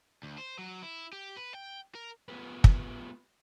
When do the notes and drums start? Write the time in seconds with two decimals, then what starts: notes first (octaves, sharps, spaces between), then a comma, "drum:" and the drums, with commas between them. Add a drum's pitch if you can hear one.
0.23 D2
0.38 C5
0.59 F#3
0.82 E4
1.13 G4
1.37 B4
1.54 G5
1.95 A#4
2.28 A3 B3 F4 G4 G#4 B4
2.64 drum: kick